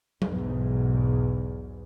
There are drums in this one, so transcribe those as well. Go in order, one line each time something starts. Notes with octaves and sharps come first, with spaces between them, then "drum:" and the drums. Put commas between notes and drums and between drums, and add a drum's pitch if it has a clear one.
B1 E2 G#2, drum: tom F#3